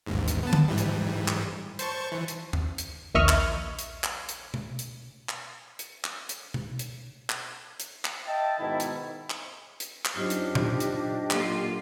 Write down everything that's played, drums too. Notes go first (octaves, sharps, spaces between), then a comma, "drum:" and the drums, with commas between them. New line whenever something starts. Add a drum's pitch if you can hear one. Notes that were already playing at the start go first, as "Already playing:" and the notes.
A1 D#2 G#2
drum: hi-hat
B3 A5
drum: tom
G#2 E3 G3
drum: hi-hat
drum: clap
C5 A5 C#6, drum: hi-hat
E3
drum: hi-hat
drum: tom E2
drum: hi-hat
A#1 D#2 D#5 E5 C#6 F6
drum: clap
drum: hi-hat
drum: clap
drum: hi-hat
drum: tom B2
drum: hi-hat
drum: clap
drum: hi-hat
drum: clap
drum: hi-hat
drum: tom B2
drum: hi-hat
drum: clap
drum: hi-hat
drum: clap
D#5 E5 G5 A5
G#2 B2 D#3 E4
drum: hi-hat
drum: clap
drum: hi-hat
drum: clap
F#2 D4 D#4 F4 G4 C5 D#5
drum: hi-hat
drum: tom A#2
drum: hi-hat
A#2 F#3 A#3 F4 A4, drum: clap